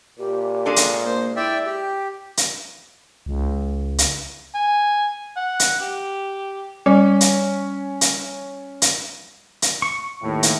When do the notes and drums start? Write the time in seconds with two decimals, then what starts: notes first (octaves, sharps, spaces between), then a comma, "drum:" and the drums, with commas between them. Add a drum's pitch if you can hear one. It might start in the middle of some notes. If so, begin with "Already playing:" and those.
0.19 A#2 G4
0.65 G#3 D4 A4
0.76 drum: hi-hat
1.05 A#3 C5
1.36 E4 D5 E5 G5
1.65 G4 G5
2.37 drum: hi-hat
3.26 C#2
3.98 drum: hi-hat
4.55 G#5
5.37 F#5
5.60 drum: hi-hat
5.81 G4
6.86 G3 C#4
7.21 drum: hi-hat
8.01 drum: hi-hat
8.82 drum: hi-hat
9.62 drum: hi-hat
9.82 C#6
10.22 D#2 A2
10.43 drum: hi-hat